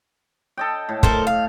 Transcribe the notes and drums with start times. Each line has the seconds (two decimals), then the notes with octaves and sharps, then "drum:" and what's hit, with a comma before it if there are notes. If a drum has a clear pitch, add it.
0.57 A4 D#5 G5
0.89 A2
1.03 A4 A#4 C5, drum: kick
1.27 F5